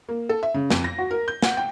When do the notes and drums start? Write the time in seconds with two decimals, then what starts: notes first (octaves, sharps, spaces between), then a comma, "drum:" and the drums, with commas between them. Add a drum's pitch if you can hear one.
0.09 A#3
0.29 A4
0.43 E5
0.54 C#3
0.70 F2, drum: snare
0.84 A#6
0.98 F#4
1.11 A#4
1.28 G6
1.42 F#5, drum: snare
1.57 G5